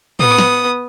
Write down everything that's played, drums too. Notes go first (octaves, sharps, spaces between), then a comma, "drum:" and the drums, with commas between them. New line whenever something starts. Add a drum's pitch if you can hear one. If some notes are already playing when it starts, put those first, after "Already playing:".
B3 D#6, drum: tom A2
drum: snare